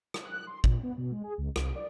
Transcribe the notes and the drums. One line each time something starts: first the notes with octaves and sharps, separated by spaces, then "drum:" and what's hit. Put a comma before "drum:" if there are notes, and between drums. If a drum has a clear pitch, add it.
drum: rim click
F#6
C6
A#2, drum: kick G#1
B3
B2
G#3
G#4
C#2
C2, drum: rim click
D5